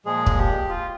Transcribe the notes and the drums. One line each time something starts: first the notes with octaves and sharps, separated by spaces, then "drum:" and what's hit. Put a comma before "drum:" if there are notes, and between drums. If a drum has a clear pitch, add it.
A#2 F3 G#3 G#4
drum: kick
G4
F4